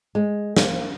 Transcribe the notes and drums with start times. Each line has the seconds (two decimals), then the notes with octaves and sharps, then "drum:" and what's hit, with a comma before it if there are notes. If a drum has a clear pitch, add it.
0.15 G#3
0.57 A#3, drum: snare